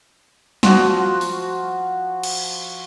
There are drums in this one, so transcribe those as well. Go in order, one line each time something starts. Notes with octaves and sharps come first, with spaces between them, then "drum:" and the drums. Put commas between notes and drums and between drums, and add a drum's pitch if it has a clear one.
F3 F#4, drum: snare
drum: open hi-hat
drum: cymbal